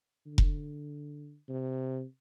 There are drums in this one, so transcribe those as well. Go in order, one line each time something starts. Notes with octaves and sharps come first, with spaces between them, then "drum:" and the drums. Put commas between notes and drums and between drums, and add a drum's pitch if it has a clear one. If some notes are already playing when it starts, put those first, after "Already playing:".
D3
drum: kick F1
C3